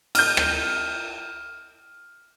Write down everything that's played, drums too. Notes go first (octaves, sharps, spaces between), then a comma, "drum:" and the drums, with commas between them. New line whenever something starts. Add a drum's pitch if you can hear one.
F6 G6, drum: cymbal
drum: rim click